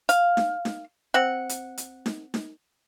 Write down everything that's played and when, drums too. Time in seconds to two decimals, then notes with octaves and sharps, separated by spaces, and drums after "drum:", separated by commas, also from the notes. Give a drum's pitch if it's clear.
0.09 F5, drum: hi-hat
0.37 drum: snare D#4
0.65 drum: snare D#4
1.14 C4 F#5
1.49 drum: hi-hat
1.78 drum: hi-hat
2.06 drum: snare D#4
2.34 drum: snare D#4